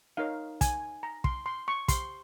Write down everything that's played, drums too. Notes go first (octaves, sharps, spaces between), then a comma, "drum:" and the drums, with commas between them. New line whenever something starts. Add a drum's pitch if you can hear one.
D#4 A#4 C#5 F5
G#5, drum: kick, hi-hat
A#5
C6, drum: kick
C6
C#6
G4 C5 C6, drum: kick, hi-hat